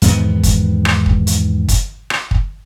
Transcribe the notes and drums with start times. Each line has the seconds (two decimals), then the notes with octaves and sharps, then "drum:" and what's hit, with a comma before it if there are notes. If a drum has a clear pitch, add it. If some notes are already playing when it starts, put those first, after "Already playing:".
0.02 E2 G#2 D#3 B3, drum: hi-hat
0.43 drum: kick, hi-hat
0.85 drum: rim click
1.06 drum: kick
1.27 drum: hi-hat
1.68 drum: kick, hi-hat
2.10 drum: rim click
2.31 drum: kick